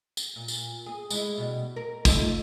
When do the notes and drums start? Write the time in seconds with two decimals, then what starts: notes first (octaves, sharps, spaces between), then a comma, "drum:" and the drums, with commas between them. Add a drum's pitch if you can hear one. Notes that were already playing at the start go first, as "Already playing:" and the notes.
0.17 drum: tambourine
0.36 A#2
0.48 drum: tambourine
0.86 G#4
1.11 G#3 E4, drum: tambourine
1.37 B2 G3
1.76 A#4
2.05 A3 D#4 F4, drum: kick, tambourine